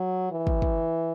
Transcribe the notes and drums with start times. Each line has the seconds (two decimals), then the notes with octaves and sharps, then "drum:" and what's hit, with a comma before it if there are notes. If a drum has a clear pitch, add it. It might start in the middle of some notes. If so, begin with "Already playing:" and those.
Already playing: F#3
0.32 E3
0.47 drum: kick
0.62 drum: kick